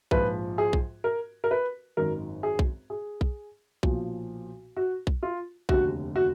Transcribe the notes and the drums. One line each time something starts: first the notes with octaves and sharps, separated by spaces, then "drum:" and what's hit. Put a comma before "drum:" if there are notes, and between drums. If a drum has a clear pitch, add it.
A#1 G#2 F3 B4, drum: kick B1
G#4
drum: kick B1
A#4
A#4
B4
G#1 F#2 D#3 A#4
G#4
drum: kick B1
G#4
drum: kick B1
B1 A#2 F3, drum: kick B1
F#4
drum: kick B1
F4
F1 D#2 D3 F#4, drum: kick B1
F#4